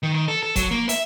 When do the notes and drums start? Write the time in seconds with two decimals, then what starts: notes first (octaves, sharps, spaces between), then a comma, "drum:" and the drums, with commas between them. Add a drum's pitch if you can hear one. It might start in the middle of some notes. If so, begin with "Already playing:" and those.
0.03 D#3
0.15 D#3
0.28 A4
0.43 A4
0.56 F#3, drum: kick F1, hi-hat
0.71 A#3
0.89 E5, drum: hi-hat